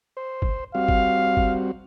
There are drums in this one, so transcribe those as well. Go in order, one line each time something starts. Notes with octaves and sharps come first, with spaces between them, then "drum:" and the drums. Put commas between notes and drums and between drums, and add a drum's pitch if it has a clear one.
C5
drum: kick
G3 C4 F#4 F5
drum: kick
drum: kick